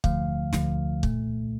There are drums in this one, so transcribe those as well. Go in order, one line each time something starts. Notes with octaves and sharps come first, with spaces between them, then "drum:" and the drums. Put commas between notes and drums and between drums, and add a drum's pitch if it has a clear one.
D2 D3 F3 A3 F5, drum: kick
D2 D3 F3 A3, drum: snare
C2 A#2 A3, drum: kick